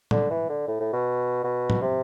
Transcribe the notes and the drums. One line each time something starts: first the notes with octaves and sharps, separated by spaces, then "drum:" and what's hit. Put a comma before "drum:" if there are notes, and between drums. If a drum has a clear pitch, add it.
D3, drum: tom
E3
D3
A2
A2
B2
B2
drum: tom
C3